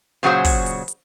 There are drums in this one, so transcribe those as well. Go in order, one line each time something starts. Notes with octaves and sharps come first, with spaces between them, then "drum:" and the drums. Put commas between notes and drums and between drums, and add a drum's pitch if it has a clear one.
A#2 C#3 F#3 F#4 G#4 C5
drum: kick, open hi-hat
drum: hi-hat
drum: hi-hat